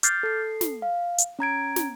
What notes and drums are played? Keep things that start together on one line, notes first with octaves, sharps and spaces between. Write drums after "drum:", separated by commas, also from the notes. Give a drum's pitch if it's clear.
D6 F6 G6 A6 C7, drum: hi-hat
A4 C7
drum: snare
F5
drum: hi-hat
C#4 A#5 G#6 D7
drum: snare